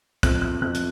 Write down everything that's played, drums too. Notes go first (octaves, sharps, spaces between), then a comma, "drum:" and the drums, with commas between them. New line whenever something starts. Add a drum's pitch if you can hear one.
F2 F#6, drum: kick, hi-hat
F#6
F2 F#6
drum: hi-hat